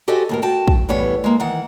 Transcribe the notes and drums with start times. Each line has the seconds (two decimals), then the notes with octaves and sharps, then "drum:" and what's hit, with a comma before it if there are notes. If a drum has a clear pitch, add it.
0.08 F#4 G4 A4 C5 D#5 G#5
0.29 D#2 A2 A#4
0.42 F#4 G5 A5
0.68 drum: kick
0.89 A2 E3 G3 B3 C#5
1.24 G#3 A#3
1.40 D#3 E3 F#5